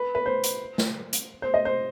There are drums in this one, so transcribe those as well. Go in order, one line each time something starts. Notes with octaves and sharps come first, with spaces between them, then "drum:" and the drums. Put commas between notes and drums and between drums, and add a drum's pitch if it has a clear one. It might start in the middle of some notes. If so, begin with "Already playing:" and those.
Already playing: B4
B4
C5
drum: hi-hat
drum: snare
drum: hi-hat
C5
D#5
C5